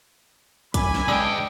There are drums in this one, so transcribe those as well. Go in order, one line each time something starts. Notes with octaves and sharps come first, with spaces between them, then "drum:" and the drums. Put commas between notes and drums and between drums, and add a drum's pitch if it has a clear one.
F#2 G#5 B5 D6, drum: kick, hi-hat
drum: snare
D3 G#3 D4 G5 D#6 E6